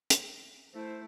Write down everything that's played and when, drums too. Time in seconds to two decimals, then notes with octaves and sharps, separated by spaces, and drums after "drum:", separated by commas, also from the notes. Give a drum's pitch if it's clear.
0.10 drum: hi-hat
0.74 A3 E4 C5